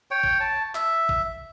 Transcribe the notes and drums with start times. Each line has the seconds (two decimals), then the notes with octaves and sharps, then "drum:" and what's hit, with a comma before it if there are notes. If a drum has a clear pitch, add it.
0.11 C#5 G5
0.24 drum: kick A1
0.40 A5
0.75 E5, drum: clap
1.09 drum: kick A1